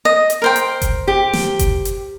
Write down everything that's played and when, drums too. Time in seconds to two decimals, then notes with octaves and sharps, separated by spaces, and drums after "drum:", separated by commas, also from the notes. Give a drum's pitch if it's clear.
0.05 D#5
0.30 drum: hi-hat
0.42 A#4 C5 G5
0.56 drum: hi-hat
0.82 drum: kick F#1, hi-hat
1.07 G4
1.33 drum: snare
1.59 drum: kick F#1, hi-hat
1.85 drum: hi-hat